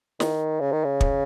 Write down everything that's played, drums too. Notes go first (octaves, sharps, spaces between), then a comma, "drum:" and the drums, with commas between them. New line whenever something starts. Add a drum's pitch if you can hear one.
D#3, drum: snare
C#3
D#3
C#3
drum: kick